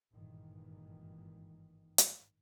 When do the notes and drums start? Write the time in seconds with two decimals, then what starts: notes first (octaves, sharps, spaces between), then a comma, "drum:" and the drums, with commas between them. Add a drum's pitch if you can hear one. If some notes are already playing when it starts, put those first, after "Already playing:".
0.12 G#1 G2 A#2 D#3 E3
1.98 drum: hi-hat